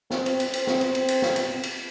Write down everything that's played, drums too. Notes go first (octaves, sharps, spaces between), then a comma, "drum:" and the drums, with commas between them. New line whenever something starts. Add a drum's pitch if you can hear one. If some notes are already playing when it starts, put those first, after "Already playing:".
C4, drum: snare
drum: cymbal
drum: cymbal
C4, drum: cymbal
drum: snare
drum: cymbal
drum: cymbal
drum: cymbal
drum: snare
drum: cymbal
drum: cymbal